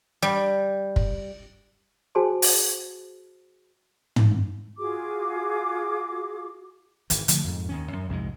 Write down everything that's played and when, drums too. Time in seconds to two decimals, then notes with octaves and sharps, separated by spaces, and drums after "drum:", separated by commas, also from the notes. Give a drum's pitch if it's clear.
0.22 G3
0.96 drum: kick
2.15 F#4 G#4 C5 G#5 A5 C6
2.42 drum: open hi-hat
4.16 drum: tom
4.78 F4 F#4 G#4 D6
7.10 G#1 E3, drum: hi-hat
7.28 D3 F3 A3, drum: hi-hat
7.44 F2 G#2
7.69 D#2 D#3 C#4
7.93 F#2
8.09 C2 F2 G#2 G#3